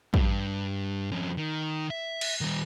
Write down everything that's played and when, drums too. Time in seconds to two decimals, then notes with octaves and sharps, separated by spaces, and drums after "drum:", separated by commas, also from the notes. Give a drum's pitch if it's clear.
0.14 G2, drum: kick
1.12 F2 C#4
1.37 D#3
1.90 E5
2.21 drum: cymbal
2.41 D#3 G3